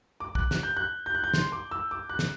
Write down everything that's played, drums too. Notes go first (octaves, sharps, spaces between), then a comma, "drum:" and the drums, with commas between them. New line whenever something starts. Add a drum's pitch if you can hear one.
D6
F#6, drum: kick
F#6, drum: snare
G6
F#6
G6
F#6
G6
C6, drum: snare
D6
E6
D6
F#6
drum: snare